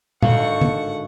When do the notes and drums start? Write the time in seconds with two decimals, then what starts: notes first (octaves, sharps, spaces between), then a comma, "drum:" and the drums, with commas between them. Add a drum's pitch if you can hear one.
0.22 G#1 A2 D3 A4 F5 F#5 C#6, drum: tom
0.61 drum: tom